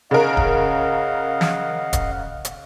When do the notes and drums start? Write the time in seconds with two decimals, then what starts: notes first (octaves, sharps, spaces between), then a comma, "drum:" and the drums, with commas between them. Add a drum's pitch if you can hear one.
0.11 C#3 A#4 D#5 F5 F#5
0.37 drum: kick D#1
1.41 drum: snare
1.93 drum: kick D#1, hi-hat
2.45 drum: hi-hat